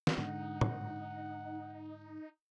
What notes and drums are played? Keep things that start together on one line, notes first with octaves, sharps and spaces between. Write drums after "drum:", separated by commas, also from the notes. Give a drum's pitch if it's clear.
drum: snare
G#2 D3 D#4 F#5
drum: tom